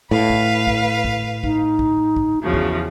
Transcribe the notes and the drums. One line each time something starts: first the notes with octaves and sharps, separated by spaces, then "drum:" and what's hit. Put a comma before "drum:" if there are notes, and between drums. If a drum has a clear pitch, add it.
A2 B4 F5
drum: kick
drum: kick
drum: kick
D#4, drum: kick
drum: kick
drum: kick
E2 C#3 F3 F#4
drum: kick